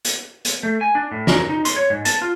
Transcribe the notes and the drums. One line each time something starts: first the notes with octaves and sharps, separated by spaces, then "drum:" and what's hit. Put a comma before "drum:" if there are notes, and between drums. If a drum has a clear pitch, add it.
drum: hi-hat
drum: hi-hat
A3
G#5
D4
A2
A#4, drum: snare
D#4
C6, drum: hi-hat
C#5
G#2
A5, drum: hi-hat
F4